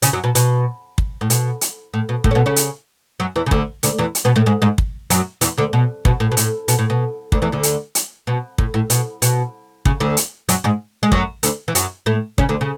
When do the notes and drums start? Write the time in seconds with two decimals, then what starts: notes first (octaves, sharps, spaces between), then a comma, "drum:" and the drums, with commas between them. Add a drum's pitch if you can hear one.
0.02 C#3 C#4, drum: hi-hat
0.13 F#2 F#3
0.24 B2
0.35 B2, drum: hi-hat
0.98 drum: kick
1.21 A2
1.30 B2, drum: hi-hat
1.61 drum: hi-hat
1.94 A2
2.09 B2
2.24 A2 A3, drum: kick
2.31 C#4
2.35 B2 B3
2.46 C#3 C#4
2.56 drum: hi-hat
3.20 F#2 F#3
3.36 E2 E3
3.46 C#3
3.51 D2 D3, drum: kick
3.83 D2 D3, drum: hi-hat
3.98 E2 E3
4.15 drum: hi-hat
4.25 B2 B3
4.36 A2 A3
4.46 G#2 G#3
4.62 G#2 G#3
4.78 drum: kick
5.10 F#2 F#3, drum: hi-hat
5.41 E2 E3, drum: hi-hat
5.57 D2 D3
5.73 B2
6.05 B2, drum: kick
6.20 A2
6.31 B2
6.37 A2, drum: hi-hat
6.68 B2, drum: hi-hat
6.79 A2
6.90 B2
7.32 D2 D3, drum: kick
7.42 E2 E3
7.52 D2 D3
7.63 drum: hi-hat
7.95 drum: hi-hat
8.27 B2
8.58 A2, drum: kick
8.74 A2
8.90 B2, drum: hi-hat
9.22 B2, drum: hi-hat
9.85 C#3, drum: kick
10.00 D2 D3
10.17 drum: hi-hat
10.49 F#2 F#3, drum: hi-hat
10.64 G#2 G#3
11.03 G#3
11.12 F#2 F#3, drum: kick
11.43 D2 D3, drum: hi-hat
11.68 E3
11.75 F#2 F#3, drum: hi-hat
12.06 A2 A3
12.38 C#3 C#4, drum: kick
12.49 D2 D3
12.61 C#3